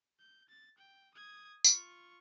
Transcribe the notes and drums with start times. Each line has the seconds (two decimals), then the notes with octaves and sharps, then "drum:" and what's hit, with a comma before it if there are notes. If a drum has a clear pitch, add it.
0.19 G6
0.49 A6
0.78 G5
1.15 D#6 G#6
1.64 F4 C#6, drum: tambourine